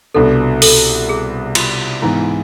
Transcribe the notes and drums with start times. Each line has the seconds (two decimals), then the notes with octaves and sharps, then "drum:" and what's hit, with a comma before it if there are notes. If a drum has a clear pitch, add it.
0.14 C2 B2 B3 D4 A4
0.62 A4, drum: open hi-hat
1.09 G#4
1.55 F4, drum: cymbal
2.02 G#2 E3 B3 E4